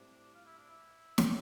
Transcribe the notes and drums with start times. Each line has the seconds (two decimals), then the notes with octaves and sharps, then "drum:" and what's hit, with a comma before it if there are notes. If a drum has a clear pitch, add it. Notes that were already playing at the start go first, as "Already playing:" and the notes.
Already playing: A2 G3 C4 D4
0.34 F4
0.46 E4
0.58 D4
0.69 E4
1.18 drum: snare